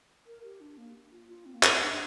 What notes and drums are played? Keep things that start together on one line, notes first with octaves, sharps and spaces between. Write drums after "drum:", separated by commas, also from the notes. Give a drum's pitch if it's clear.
A#4
G4
D4
A#3
F4
F4
C4
A#3
C4, drum: clap
D4